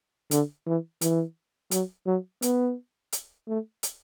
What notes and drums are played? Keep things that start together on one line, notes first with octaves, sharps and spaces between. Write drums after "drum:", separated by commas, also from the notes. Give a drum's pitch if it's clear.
D3, drum: hi-hat
E3
E3, drum: hi-hat
F#3, drum: hi-hat
F#3
B3, drum: hi-hat
drum: hi-hat
A3
drum: hi-hat